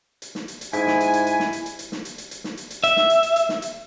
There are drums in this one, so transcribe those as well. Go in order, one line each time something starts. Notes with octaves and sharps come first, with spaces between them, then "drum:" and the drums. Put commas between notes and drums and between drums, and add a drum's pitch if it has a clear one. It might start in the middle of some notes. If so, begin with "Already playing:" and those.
drum: hi-hat
drum: snare
drum: hi-hat
drum: hi-hat
G#2 E4 G#5, drum: hi-hat
drum: snare
drum: hi-hat
drum: hi-hat
drum: hi-hat
drum: snare
drum: hi-hat
drum: hi-hat
drum: hi-hat
drum: snare
drum: hi-hat
drum: hi-hat
drum: hi-hat
drum: snare
drum: hi-hat
drum: hi-hat
E5, drum: hi-hat
drum: snare
drum: hi-hat
drum: hi-hat
drum: hi-hat
drum: snare
drum: hi-hat